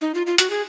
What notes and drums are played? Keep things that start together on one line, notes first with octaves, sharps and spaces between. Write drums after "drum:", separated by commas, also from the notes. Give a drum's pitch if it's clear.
D#4
F4
F4
F#4, drum: hi-hat
G#4